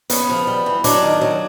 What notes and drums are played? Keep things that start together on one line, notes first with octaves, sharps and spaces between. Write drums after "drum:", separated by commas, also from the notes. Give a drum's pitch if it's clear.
C#3 B3, drum: hi-hat
F3
G3
E3
F#3 D4, drum: hi-hat
D#3
F#3